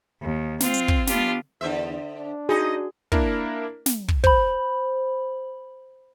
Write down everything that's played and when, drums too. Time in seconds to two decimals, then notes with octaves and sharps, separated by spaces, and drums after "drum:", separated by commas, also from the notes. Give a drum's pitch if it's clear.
0.20 D#2
0.60 C4 F4, drum: snare
0.74 drum: hi-hat
0.88 drum: kick
1.07 B3 D4 F4 G4, drum: snare
1.61 E2 D3 C5 E5
2.16 D4
2.49 D#4 F#4 G#4 D#5
3.12 A#3 D4 E4 A#4, drum: kick
3.86 drum: snare
4.08 drum: kick
4.24 C5 B5, drum: kick